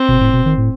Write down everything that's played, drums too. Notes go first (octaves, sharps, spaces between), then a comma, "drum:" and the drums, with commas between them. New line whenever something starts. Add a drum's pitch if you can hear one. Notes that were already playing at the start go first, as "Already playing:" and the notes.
Already playing: C4
B2, drum: kick F#1
A2
B2
D#3
A2